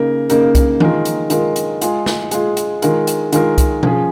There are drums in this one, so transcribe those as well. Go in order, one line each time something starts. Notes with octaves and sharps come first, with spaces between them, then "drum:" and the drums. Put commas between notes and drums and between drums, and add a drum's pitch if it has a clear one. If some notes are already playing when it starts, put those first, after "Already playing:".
Already playing: C#3 A#3 D#4 A#4
C#3 A#3 D#4 A#4, drum: hi-hat
drum: kick C2, hi-hat
D#3 G#3 F4 A#4, drum: tom E3
drum: hi-hat
D#3 G#3 F4 A#4, drum: hi-hat
drum: hi-hat
G#3 F4 G#4, drum: hi-hat
drum: snare
G#3 F4 G#4, drum: hi-hat
drum: hi-hat
D#3 G#3 F4 A#4, drum: hi-hat
drum: hi-hat
D#3 G#3 F4 A#4, drum: hi-hat
drum: kick C2, hi-hat
F3 C#4 G#4, drum: tom B2